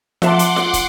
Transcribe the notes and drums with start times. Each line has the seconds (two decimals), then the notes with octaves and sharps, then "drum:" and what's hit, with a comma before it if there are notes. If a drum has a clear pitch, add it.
0.22 F3 E5 F#5 A5 C6 D6, drum: snare F4
0.39 drum: hi-hat
0.56 drum: snare F4
0.73 drum: kick, hi-hat